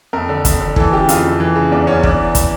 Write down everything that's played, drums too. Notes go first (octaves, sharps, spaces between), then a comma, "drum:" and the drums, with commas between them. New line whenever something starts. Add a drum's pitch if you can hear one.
F2 A#4
D3
F2, drum: kick, hi-hat
D3
E3 A4, drum: kick
C#3 G4
F2 F4, drum: hi-hat
F2
E3
C#3
E2 D4
E2 C#4
E3 D4, drum: kick
drum: kick, hi-hat